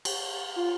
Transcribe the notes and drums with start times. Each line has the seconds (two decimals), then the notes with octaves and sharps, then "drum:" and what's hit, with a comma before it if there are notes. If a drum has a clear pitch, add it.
0.05 drum: cymbal
0.56 F4